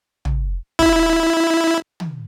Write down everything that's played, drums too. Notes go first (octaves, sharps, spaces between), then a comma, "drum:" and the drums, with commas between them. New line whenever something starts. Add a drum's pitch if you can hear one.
drum: tom
E4, drum: kick
drum: tom